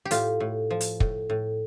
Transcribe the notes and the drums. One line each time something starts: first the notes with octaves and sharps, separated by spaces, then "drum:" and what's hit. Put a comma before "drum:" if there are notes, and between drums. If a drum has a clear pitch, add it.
G4
A2 F4, drum: hi-hat
A2
F3
drum: hi-hat
A2, drum: kick
A2